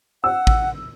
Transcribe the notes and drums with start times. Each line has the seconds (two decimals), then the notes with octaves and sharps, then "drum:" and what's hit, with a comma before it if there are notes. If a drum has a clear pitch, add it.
0.24 F#5 E6
0.47 drum: kick